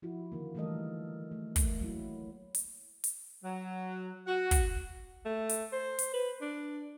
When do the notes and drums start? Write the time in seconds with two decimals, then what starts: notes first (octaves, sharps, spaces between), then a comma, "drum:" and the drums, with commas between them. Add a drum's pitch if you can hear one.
0.02 F3 E4 F#4
0.32 D3 D#3 A#3
0.55 E3 G3 A3 A4 A#4 D#5
1.31 A3
1.56 A3 A#3, drum: kick, hi-hat
1.81 F#3 E4
2.55 drum: hi-hat
3.04 drum: hi-hat
3.43 F#3
4.27 F#4
4.51 drum: kick, hi-hat
5.25 A3
5.49 drum: hi-hat
5.73 C5
5.99 drum: hi-hat
6.14 B4
6.41 D4